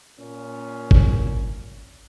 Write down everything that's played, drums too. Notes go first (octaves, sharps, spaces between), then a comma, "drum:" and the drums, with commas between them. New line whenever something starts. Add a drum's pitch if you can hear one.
A#2 C#4
drum: kick G1